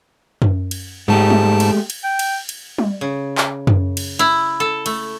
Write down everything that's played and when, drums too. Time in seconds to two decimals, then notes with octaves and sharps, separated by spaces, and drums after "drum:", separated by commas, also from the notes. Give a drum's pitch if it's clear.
0.42 drum: tom F#2
0.71 drum: cymbal
1.08 G#2 G#3 A3 G4 A5
1.30 drum: tom G3
1.60 drum: cymbal
1.90 drum: cymbal
2.04 G5
2.19 drum: cymbal
2.49 drum: cymbal
2.78 drum: tom G3
3.01 C#3
3.38 drum: clap
3.67 drum: tom F#2
3.97 drum: cymbal
4.19 E4
4.60 A4
4.86 A3, drum: cymbal